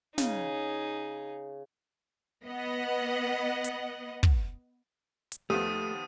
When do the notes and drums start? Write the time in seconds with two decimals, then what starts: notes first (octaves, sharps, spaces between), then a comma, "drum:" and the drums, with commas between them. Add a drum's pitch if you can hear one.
0.18 C#3 D#4 G#4, drum: snare
2.45 B3 D#5 F#5
3.64 drum: hi-hat
4.23 drum: kick
5.32 drum: hi-hat
5.50 D#2 F3 A3 B3 G4 D#6 D#7